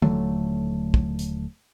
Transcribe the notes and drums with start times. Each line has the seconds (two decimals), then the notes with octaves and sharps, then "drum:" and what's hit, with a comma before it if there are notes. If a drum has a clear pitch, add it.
0.02 D#1 D3 F#3 A3, drum: tom D#3
0.94 drum: kick
1.19 drum: hi-hat